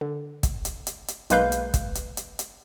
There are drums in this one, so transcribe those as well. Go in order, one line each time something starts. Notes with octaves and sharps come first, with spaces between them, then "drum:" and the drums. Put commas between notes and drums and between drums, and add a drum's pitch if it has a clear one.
D3
drum: kick, hi-hat
drum: hi-hat
drum: hi-hat
drum: hi-hat
B1 G#3 A#3 B4 F5 G6, drum: hi-hat
drum: hi-hat
drum: kick, hi-hat
drum: hi-hat
drum: hi-hat
drum: hi-hat